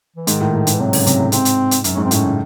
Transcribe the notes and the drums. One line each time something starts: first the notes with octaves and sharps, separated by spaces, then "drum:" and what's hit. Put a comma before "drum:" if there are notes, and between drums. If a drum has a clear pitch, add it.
E3
G#2 D#3, drum: hi-hat
A2
A2
G#2, drum: hi-hat
E3
C3 F#3
C#3, drum: open hi-hat
C3, drum: hi-hat
A2
G#2 C4, drum: hi-hat
drum: hi-hat
drum: hi-hat
F#2, drum: hi-hat
G#2 C#4
C4
A2 C#4, drum: hi-hat
C#3